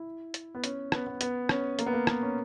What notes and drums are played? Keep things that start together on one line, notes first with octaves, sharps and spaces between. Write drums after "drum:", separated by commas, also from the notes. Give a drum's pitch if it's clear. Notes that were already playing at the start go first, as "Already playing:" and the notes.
Already playing: E4
drum: hi-hat
B3
C#4, drum: hi-hat
B3, drum: rim click
B3
B3, drum: hi-hat
C#4, drum: rim click
A#3, drum: hi-hat
B3
A#3
B3, drum: rim click
C#4